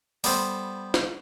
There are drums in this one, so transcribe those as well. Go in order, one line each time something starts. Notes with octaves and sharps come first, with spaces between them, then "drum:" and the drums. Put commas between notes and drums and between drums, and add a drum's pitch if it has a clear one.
G3 B3 A4 C5, drum: open hi-hat
drum: snare